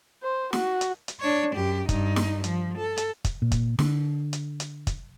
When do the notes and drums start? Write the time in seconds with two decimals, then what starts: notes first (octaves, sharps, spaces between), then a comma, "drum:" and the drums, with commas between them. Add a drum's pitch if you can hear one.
0.22 C5
0.53 F#4, drum: snare
0.81 drum: hi-hat
1.08 drum: hi-hat
1.21 D4 C#5
1.56 F#2 G4
1.89 G2 D#4, drum: kick, hi-hat
2.16 drum: snare
2.44 F3, drum: hi-hat
2.78 A4
2.97 drum: hi-hat
3.25 drum: kick, hi-hat
3.42 A#2
3.52 drum: kick, hi-hat
3.79 D3, drum: snare
4.33 drum: hi-hat
4.60 drum: hi-hat
4.87 drum: kick, hi-hat